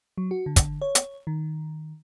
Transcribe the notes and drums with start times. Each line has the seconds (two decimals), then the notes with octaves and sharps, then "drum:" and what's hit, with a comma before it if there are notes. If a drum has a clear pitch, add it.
0.18 F#3
0.31 F#4
0.46 D3
0.56 drum: kick, hi-hat
0.82 C#5
0.95 drum: hi-hat
1.27 D#3